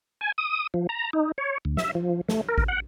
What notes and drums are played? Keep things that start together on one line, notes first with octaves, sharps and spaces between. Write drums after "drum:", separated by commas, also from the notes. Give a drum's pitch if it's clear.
G#5
D#6
F3
A#5
D#4
C#5
D2
E5, drum: snare
F3
A3, drum: snare
A#4
drum: kick G#1
F#5